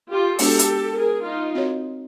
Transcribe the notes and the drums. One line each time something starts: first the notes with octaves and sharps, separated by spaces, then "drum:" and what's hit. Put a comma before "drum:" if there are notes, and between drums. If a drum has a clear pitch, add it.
F4 G4
G#3 B3 D4 F#4 G4 A4, drum: open hi-hat
drum: hi-hat
G#4 A#4
D#4 F4
C4 D#4 F#4 A#4 C#5